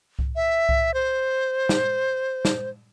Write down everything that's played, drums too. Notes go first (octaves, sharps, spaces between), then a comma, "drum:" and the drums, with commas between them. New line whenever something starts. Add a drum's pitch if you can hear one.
drum: kick C2
E5
drum: kick C2
C5
drum: snare
drum: snare